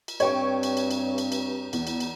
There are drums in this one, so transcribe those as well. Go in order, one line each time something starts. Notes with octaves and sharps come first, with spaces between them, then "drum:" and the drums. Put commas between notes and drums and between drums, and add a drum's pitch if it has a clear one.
drum: cymbal
G2 C4 C#5 G5 C#6, drum: cymbal
drum: cymbal
drum: cymbal
drum: cymbal
drum: cymbal
drum: cymbal
E2, drum: cymbal
drum: cymbal
drum: cymbal